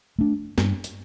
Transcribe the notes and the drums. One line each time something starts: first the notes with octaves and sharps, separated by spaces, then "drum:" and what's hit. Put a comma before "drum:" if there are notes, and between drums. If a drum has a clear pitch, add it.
A3 D4
G2, drum: snare
drum: hi-hat